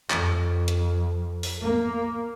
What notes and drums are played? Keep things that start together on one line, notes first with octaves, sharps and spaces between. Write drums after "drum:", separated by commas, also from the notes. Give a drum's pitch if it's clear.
F2, drum: clap
drum: hi-hat
drum: open hi-hat
A#3